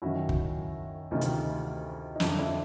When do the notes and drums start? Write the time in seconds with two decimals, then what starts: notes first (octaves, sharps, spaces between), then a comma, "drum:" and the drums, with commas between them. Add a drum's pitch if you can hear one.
0.02 F#2 D#3 E4 F#4
0.29 drum: kick
1.11 D2 C3 D#3 D#4 F4
1.21 drum: hi-hat
2.15 D#4
2.20 F2 D3 D4 E4, drum: snare
2.38 D4 E4